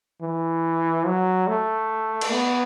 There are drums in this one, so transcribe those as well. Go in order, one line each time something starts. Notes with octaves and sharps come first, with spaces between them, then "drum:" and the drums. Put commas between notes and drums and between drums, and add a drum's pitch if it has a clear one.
E3
F#3
A3
drum: cymbal
B3